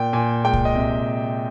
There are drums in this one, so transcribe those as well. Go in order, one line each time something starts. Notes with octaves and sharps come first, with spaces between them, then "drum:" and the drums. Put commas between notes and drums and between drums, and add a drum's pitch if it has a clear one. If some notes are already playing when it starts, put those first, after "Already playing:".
Already playing: A#2 G5
A#2 G#5
G#3 G5
drum: kick C2
D#5
C3